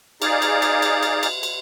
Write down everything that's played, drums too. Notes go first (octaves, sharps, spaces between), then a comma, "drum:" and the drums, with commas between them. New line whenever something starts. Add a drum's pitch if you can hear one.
D#4 G#4 D5 F5, drum: cymbal
drum: cymbal
drum: cymbal
drum: cymbal
drum: cymbal
drum: cymbal
drum: cymbal